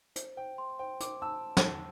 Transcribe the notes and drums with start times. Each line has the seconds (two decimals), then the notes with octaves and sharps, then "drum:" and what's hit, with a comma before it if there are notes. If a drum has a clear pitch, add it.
0.16 C5, drum: hi-hat
0.37 C5 G5
0.58 C6
0.79 C5 G5
1.00 C5 D6, drum: hi-hat
1.21 A5 E6
1.57 drum: snare